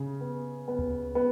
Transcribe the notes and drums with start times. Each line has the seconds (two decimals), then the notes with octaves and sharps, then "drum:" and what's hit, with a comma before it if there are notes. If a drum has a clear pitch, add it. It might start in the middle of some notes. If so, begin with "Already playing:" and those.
Already playing: C#3
0.21 B3
0.68 B3
0.79 drum: kick C#2
1.15 B3